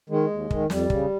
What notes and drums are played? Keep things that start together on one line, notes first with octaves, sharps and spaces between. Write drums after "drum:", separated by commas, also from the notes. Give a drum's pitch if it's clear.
D#3 G#3
D#2
D#3, drum: kick
F2 G3, drum: snare
C#3, drum: kick